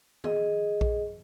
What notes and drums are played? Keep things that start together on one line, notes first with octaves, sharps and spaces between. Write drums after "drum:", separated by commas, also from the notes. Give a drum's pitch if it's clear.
G#4 D#5, drum: tom
drum: kick A#1